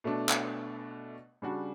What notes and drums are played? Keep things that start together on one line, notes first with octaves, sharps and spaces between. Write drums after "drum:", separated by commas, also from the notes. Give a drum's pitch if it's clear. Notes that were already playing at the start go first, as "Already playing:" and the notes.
B2 A3 D4
drum: clap
C#3 G3 D4 F#4